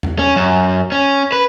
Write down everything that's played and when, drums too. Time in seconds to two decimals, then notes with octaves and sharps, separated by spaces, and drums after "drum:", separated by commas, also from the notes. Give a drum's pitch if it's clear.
0.03 drum: tom E2
0.19 C#4
0.36 F#2
0.92 C#4
1.32 B4